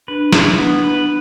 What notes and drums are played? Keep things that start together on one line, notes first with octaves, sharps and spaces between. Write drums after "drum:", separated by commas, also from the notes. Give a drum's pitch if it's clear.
D4 B4
E4, drum: snare
B3
B4